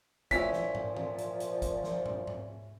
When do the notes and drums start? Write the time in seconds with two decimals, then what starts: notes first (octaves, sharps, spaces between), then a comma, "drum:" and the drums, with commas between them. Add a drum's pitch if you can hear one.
0.31 A#2 F3 C#4 E4 B6, drum: kick, hi-hat
0.53 drum: snare
0.75 drum: tom
0.97 drum: tom D#3
1.18 drum: hi-hat
1.40 drum: hi-hat
1.62 drum: kick, hi-hat
1.84 drum: snare
2.06 drum: tom
2.27 drum: tom